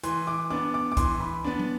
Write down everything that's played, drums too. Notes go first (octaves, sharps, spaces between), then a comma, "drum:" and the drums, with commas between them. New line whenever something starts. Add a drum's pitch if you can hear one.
E3 C6, drum: hi-hat
D6
B3 D4 D6
D6
D6
E3 C6, drum: kick, hi-hat
B5
B3 D4
drum: tom